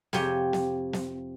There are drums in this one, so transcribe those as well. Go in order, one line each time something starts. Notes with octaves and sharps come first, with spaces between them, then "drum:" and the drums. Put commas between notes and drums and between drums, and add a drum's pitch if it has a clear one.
F2 C3 F3 G4 C#5 G#5, drum: snare
drum: snare
drum: snare